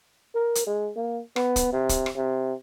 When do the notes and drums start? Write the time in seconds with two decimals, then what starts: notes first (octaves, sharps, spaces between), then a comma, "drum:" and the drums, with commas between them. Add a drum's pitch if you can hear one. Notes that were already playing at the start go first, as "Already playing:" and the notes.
0.35 A#4
0.55 drum: hi-hat
0.66 G#3
0.96 A#3
1.36 B3, drum: rim click
1.56 drum: kick, hi-hat
1.73 C3
1.89 drum: kick, hi-hat
2.06 drum: rim click
2.16 C3